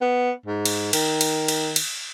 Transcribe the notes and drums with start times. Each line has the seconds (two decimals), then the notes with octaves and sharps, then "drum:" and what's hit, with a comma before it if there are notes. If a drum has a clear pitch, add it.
0.01 B3
0.46 G#2
0.65 drum: cymbal
0.93 D#3, drum: cymbal
1.21 drum: cymbal
1.48 drum: cymbal
1.76 drum: cymbal